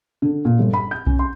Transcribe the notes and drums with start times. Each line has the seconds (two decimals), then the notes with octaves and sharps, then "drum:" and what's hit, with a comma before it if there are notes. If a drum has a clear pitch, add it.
0.22 D3
0.45 A#2
0.59 G1
0.73 B5
0.91 G6
1.07 C#4, drum: kick B1
1.19 C6